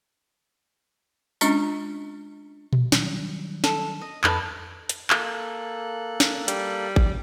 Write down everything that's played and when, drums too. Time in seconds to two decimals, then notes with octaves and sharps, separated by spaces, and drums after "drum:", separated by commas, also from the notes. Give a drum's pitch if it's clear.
1.41 G#3 C#4 D4 F4, drum: tambourine
2.73 drum: tom A#2
2.92 D#3 F#3 G3, drum: snare
3.64 A4, drum: snare
4.01 D#5
4.24 F2 A4 B4 D#5, drum: clap
4.89 drum: hi-hat
5.10 A#3 A4 F#6, drum: clap
6.20 drum: snare
6.48 G3, drum: hi-hat
6.96 drum: kick G#1